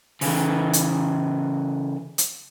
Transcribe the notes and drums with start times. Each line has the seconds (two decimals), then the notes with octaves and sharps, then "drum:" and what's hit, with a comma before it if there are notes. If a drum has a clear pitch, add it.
0.21 C#3 E3, drum: open hi-hat
0.73 drum: hi-hat
2.18 drum: hi-hat